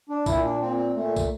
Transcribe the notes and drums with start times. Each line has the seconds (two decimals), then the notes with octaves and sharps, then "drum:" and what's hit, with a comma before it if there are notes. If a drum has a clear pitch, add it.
0.09 D4
0.26 A#2 E4, drum: kick, tambourine
0.44 D4
0.60 A#2 C4
0.77 C4
0.94 A#2 A3
1.16 drum: kick, tambourine